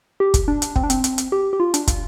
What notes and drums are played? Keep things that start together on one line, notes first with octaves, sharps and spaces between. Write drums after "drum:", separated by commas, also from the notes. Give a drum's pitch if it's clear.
G4
drum: kick, hi-hat
D4
drum: hi-hat
C4, drum: kick
D4
C4, drum: hi-hat
drum: hi-hat
drum: hi-hat
G4
G4
F4
D4, drum: hi-hat
F4, drum: kick, hi-hat